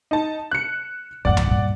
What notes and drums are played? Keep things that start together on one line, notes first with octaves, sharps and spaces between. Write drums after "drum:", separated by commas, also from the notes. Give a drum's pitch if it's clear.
D#4 A5
F#6 C#7
F#2 A2 D5 F#5
drum: tom D2
G2 A#2